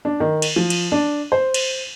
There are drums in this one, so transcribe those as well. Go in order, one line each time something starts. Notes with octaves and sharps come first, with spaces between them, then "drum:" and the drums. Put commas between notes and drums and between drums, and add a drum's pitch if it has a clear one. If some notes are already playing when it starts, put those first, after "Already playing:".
D4
D#3
drum: cymbal
F3
drum: cymbal
D4
C5
drum: cymbal